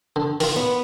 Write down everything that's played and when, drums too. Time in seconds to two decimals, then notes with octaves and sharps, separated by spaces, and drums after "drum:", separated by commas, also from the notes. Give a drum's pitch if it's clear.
0.16 D3
0.40 D#3 F4, drum: open hi-hat
0.56 B3